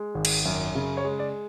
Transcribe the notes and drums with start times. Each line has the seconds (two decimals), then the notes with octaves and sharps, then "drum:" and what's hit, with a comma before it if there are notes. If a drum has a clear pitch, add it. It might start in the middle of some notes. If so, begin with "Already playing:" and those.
Already playing: G#3
0.15 G#1
0.25 drum: cymbal
0.45 F#2
0.75 C#3
0.97 C#5
1.05 G#3
1.19 D5